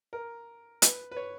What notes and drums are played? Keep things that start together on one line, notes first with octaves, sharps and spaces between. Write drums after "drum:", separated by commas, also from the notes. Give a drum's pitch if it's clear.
A#4
B4, drum: hi-hat
B4
C#5